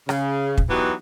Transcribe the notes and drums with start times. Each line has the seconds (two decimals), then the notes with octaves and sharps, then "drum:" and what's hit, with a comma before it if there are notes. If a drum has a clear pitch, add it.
0.09 C#3, drum: rim click
0.58 drum: kick
0.70 E3 F#3 B3 D#4 F#4 G4